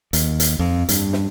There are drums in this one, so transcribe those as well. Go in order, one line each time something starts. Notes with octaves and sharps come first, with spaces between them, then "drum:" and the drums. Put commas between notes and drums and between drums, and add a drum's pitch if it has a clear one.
D#2, drum: hi-hat
drum: hi-hat
F2
G2, drum: hi-hat
drum: snare